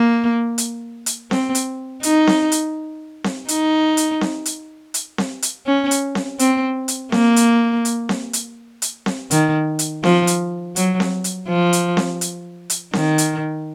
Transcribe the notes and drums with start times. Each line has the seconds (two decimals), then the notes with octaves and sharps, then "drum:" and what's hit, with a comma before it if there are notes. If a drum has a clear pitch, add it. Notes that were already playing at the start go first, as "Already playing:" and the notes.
Already playing: A#3
0.58 drum: hi-hat
1.06 drum: hi-hat
1.31 C4, drum: snare C4
1.55 drum: hi-hat
2.03 D#4, drum: hi-hat
2.27 drum: snare C4
2.52 drum: hi-hat
3.24 drum: snare C4
3.48 D#4, drum: hi-hat
3.97 drum: hi-hat
4.21 drum: snare C4
4.46 drum: hi-hat
4.94 drum: hi-hat
5.18 drum: snare C4
5.42 drum: hi-hat
5.66 C#4
5.91 drum: hi-hat
6.15 drum: snare C4
6.39 C4, drum: hi-hat
6.88 drum: hi-hat
7.12 A#3, drum: snare C4
7.36 drum: hi-hat
7.85 drum: hi-hat
8.09 drum: snare C4
8.33 drum: hi-hat
8.82 drum: hi-hat
9.06 drum: snare C4
9.31 D#3, drum: hi-hat
9.79 drum: hi-hat
10.04 F3, drum: snare C4
10.27 drum: hi-hat
10.76 F#3, drum: hi-hat
11.00 drum: snare C4
11.24 drum: hi-hat
11.49 F3
11.73 drum: hi-hat
11.97 drum: snare C4
12.21 drum: hi-hat
12.70 drum: hi-hat
12.93 D#3, drum: snare C4
13.18 drum: hi-hat